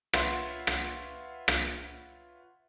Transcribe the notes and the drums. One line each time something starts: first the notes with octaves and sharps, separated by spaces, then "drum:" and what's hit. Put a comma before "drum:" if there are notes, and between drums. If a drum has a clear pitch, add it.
F4 B4 C#5 E5 F#5 C6, drum: rim click
drum: rim click
drum: rim click